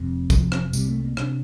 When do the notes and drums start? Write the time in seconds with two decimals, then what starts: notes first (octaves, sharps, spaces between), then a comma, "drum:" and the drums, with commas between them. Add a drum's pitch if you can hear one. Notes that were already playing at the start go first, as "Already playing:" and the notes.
Already playing: F1 F2 C3
0.30 F1 F2 C3 F3, drum: kick, tambourine
0.52 drum: rim click
0.73 C2 C3 G3, drum: tambourine
0.88 A3
1.03 A#3
1.17 C3 D4, drum: rim click